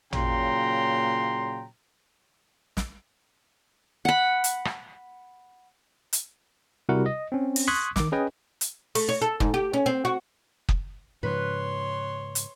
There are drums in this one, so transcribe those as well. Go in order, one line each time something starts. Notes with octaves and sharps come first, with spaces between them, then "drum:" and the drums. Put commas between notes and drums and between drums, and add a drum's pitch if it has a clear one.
A#2 C#3 F#3 G5 A#5 C6, drum: tom A1
drum: snare
F#5 B5
drum: hi-hat
drum: rim click
drum: hi-hat
C3 G3 E4 F#4 A#4 F#5
D#5
C4 C#4
drum: open hi-hat
C6 C#6 D#6 F#6 G#6 B6
D#3 D6, drum: snare
C#4 G#4 B4 D#5 G5 G#5
drum: hi-hat
A3, drum: open hi-hat
C#5
A4
G#2, drum: kick
G4
C#4
C4
F#4
drum: kick
G#2 C#3 F3 B4 C#5 C6
drum: hi-hat